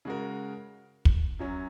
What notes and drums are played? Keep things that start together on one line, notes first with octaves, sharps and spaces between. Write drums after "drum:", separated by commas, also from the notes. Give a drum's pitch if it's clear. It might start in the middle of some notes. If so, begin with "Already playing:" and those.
C#3 G#3 F#4 A#4
drum: kick
F#2 F#3 C#4